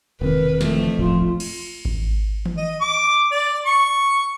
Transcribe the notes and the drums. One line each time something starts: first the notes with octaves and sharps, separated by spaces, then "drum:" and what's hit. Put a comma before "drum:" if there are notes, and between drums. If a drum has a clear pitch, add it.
E1 C3 D#3 A#4 B4
F2 E3 A3, drum: snare
D#1 A1 F3 F4
drum: cymbal
drum: kick G#1
drum: tom D#3
D#5
D6
D5
C#6